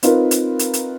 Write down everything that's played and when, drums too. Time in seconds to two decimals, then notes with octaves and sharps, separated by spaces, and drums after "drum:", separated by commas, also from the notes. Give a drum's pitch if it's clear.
0.03 C4 D#4 F4 A#4 B4, drum: hi-hat
0.31 drum: hi-hat
0.59 drum: hi-hat
0.73 drum: hi-hat